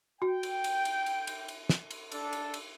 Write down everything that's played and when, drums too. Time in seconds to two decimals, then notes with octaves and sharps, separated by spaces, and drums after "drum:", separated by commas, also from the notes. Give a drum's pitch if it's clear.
0.22 F#4 G5
0.43 drum: cymbal
0.64 drum: cymbal
0.85 drum: cymbal
1.06 drum: cymbal
1.27 drum: cymbal
1.48 drum: cymbal
1.69 drum: snare
1.91 drum: cymbal
2.12 D4 A4, drum: cymbal
2.33 drum: cymbal
2.54 drum: cymbal